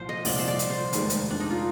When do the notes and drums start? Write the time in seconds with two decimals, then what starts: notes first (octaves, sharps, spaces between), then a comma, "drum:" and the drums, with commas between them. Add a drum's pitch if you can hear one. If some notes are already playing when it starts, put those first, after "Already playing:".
Already playing: C2 A#2 F3 C5
0.09 D#5
0.25 C2 A#2 F3 D5, drum: open hi-hat
0.39 C5
0.48 D5
0.59 drum: hi-hat
0.70 C5
0.93 F1 D#2 D#3 G#3, drum: hi-hat
1.10 drum: hi-hat
1.30 D4
1.40 D#4
1.51 F4